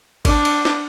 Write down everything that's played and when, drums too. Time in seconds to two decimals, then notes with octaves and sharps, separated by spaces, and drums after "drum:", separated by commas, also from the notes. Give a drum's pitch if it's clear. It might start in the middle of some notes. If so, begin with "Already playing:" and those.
0.25 D4, drum: kick G#1, cymbal
0.45 drum: cymbal
0.65 drum: snare